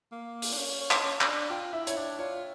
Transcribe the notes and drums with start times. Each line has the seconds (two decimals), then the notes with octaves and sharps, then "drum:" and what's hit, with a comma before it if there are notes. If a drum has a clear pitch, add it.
0.12 A#3
0.42 drum: open hi-hat
0.53 D4
0.58 C#4
0.81 C#4
0.91 drum: clap
1.03 C#4
1.21 C#4, drum: clap
1.26 D4
1.50 F4 G5
1.73 E4 E5
1.87 C#5, drum: hi-hat
1.97 D4 D5
2.19 F4 C#5